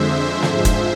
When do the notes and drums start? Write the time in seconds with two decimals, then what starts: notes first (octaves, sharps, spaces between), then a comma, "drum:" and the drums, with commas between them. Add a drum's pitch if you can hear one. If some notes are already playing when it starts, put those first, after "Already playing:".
Already playing: F2 D3 G#3 C5 E5
0.42 G#2 F3 G#3 C5 E5, drum: snare
0.65 drum: kick, hi-hat